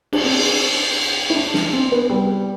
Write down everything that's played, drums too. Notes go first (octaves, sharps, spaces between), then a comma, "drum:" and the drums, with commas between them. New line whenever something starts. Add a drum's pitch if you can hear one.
D4, drum: cymbal
C4
E4
D4
D4, drum: snare
C4
B3
G3